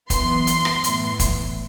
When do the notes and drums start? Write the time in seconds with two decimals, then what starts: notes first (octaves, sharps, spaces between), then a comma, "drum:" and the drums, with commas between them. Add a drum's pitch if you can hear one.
0.10 F#2 E3 B3 C6, drum: kick, hi-hat
0.47 drum: hi-hat
0.65 drum: rim click
0.84 A2 E3 B3, drum: hi-hat
1.19 drum: kick, hi-hat